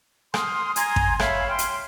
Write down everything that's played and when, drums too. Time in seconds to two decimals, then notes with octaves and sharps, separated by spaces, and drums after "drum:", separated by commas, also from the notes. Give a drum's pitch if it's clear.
0.34 C6 D#6 F6, drum: rim click
0.76 G#5 A#5 C6 G#6, drum: hi-hat
0.96 drum: kick
1.19 C#5 E5 F5 B5, drum: rim click
1.49 G5 C6 F6
1.59 drum: hi-hat